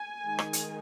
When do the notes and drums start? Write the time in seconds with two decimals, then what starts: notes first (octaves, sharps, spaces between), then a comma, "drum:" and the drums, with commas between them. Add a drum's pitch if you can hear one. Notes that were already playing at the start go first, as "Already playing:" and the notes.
Already playing: G#5
0.23 D#3 G#3 D#4
0.39 drum: rim click
0.53 drum: hi-hat